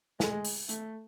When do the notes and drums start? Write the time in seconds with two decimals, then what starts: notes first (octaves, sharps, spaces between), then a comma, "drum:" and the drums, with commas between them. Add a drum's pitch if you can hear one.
0.20 G#3, drum: snare
0.44 drum: open hi-hat
0.69 A3, drum: hi-hat